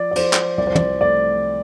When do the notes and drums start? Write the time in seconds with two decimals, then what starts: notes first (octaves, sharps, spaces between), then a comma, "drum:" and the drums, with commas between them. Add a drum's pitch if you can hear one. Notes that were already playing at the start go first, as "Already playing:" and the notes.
Already playing: F3 D5
0.11 D5
0.16 F3 C5, drum: cymbal
0.33 drum: clap
0.58 C2 D5
0.67 C5
0.75 D5, drum: tom
1.01 A3 D5